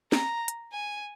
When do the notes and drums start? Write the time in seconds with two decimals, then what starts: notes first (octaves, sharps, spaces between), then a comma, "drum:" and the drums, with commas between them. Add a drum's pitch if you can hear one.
0.12 A#5, drum: snare
0.48 drum: hi-hat
0.73 G#5